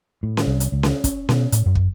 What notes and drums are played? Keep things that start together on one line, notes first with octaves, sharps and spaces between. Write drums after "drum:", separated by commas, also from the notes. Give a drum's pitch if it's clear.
A2
drum: snare C#4
C2
drum: hi-hat
C#2
drum: snare C#4
C#4, drum: kick, hi-hat
B2, drum: snare C#4
A2, drum: hi-hat
F#2
drum: kick